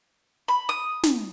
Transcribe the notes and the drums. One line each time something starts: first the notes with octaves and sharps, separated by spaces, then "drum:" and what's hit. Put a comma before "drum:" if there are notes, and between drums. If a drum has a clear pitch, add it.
B5
D#6
drum: snare